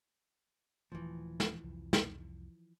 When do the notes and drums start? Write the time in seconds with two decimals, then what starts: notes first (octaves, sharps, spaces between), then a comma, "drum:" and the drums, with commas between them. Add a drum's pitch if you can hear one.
0.92 D#1 F2 E3 F3 A3
1.40 drum: snare
1.63 C2 F2
1.93 drum: snare